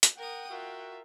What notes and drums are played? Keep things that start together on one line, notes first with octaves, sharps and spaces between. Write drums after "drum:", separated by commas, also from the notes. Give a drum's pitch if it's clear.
drum: hi-hat
A#4 F#5 G5 D#6
F4 F#4 A#4 E5